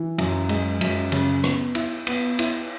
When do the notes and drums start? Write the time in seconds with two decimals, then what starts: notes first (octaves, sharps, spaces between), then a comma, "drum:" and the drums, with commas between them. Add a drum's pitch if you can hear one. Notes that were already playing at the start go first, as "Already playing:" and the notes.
Already playing: E3
0.18 F#2, drum: cymbal
0.49 G#3, drum: cymbal
0.81 F#2, drum: cymbal
1.12 C#3, drum: cymbal
1.44 B3, drum: rim click
1.75 E4, drum: cymbal
2.07 B3, drum: cymbal
2.39 E4, drum: cymbal